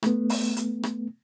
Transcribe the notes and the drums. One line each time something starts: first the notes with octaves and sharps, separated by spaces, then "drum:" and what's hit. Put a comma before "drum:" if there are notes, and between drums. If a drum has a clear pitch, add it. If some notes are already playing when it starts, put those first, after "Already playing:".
A3 B3, drum: rim click
drum: open hi-hat
drum: hi-hat
drum: rim click